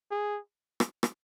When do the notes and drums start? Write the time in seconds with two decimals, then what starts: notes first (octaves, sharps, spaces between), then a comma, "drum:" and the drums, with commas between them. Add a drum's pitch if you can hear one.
0.11 G#4
0.80 drum: rim click
1.03 drum: rim click